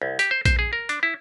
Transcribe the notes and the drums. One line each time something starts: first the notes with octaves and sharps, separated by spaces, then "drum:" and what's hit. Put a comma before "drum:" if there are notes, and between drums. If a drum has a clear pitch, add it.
C2
G4, drum: hi-hat
C5
C5, drum: kick A#1, hi-hat
G#4
A#4
D4, drum: hi-hat
E4